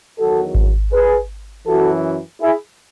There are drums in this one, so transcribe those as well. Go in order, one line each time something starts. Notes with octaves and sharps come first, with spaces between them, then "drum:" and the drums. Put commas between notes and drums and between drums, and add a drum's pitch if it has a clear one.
E2 D#3 F#3 F#4 A4
drum: kick G#1
G#4 B4
F#2 E3 F#4 A4
E4 G#4